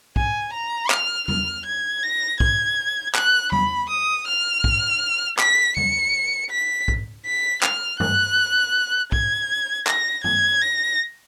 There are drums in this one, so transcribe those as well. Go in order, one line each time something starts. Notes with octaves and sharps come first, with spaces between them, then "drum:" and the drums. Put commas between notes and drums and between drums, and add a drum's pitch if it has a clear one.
G#5, drum: kick
A#5
F6, drum: clap
F6, drum: tom E2
G#6
A#6
G#6, drum: kick
F#6, drum: clap
B5, drum: tom E2
D#6
F6
drum: kick
B6, drum: clap
C#7, drum: tom E2
B6
drum: kick
B6
F6, drum: clap
F#6, drum: tom G2
G#6, drum: kick
A#6, drum: clap
G#6, drum: tom G2
A#6